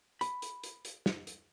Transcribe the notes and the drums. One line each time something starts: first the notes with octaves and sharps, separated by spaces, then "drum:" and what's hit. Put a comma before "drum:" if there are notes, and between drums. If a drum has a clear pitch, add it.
B5, drum: hi-hat
drum: hi-hat
drum: hi-hat
drum: hi-hat
drum: snare
drum: hi-hat